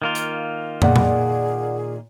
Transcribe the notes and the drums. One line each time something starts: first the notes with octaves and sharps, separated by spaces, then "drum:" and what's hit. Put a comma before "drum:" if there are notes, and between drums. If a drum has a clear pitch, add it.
D#3 A#3 F4
drum: hi-hat
A#2 G#4 D5 F#5, drum: tom
drum: tom A#2